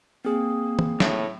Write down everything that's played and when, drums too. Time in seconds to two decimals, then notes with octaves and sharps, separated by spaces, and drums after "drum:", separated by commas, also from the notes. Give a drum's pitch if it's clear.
0.25 A#3 C4 G#4
0.79 drum: tom
1.00 A2, drum: snare